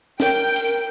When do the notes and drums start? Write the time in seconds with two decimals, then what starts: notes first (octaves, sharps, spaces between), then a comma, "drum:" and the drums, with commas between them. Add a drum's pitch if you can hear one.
0.20 A#4 G5, drum: snare
0.56 drum: cymbal